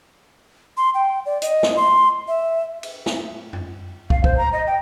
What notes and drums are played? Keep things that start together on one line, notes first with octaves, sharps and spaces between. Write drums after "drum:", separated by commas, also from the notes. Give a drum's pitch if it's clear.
C6
G5
D5
D#5, drum: hi-hat
drum: snare
C6
E5
drum: cymbal
drum: snare
drum: tom F#2
F5, drum: kick
C5, drum: kick
A#5
D#5
G5